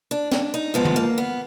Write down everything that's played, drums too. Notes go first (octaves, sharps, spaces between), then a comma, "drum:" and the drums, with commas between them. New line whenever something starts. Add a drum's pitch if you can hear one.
D4
D4, drum: snare
D#4
G#2 F3 G#3 B3
drum: tom
A#3
B3